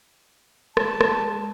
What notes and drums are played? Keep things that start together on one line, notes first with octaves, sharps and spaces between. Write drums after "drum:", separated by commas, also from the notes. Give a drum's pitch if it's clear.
G#3 A5, drum: rim click
drum: rim click